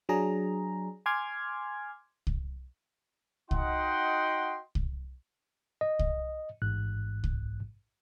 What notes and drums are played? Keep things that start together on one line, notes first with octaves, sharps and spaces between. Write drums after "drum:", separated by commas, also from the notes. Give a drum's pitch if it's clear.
F#3 D4 G#4 A#5
G#5 C6 D6 F6 G#6
drum: kick C2
D#4 F#4 D#5 F#5 G5 C6, drum: kick C2
drum: kick C2
D#5
drum: kick C2
A1 G#2 F#6
drum: kick C2